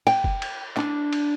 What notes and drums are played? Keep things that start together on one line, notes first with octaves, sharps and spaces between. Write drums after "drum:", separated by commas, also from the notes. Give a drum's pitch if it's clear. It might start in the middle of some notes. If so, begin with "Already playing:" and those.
G5, drum: cymbal
drum: kick
drum: cymbal
D4, drum: clap
drum: cymbal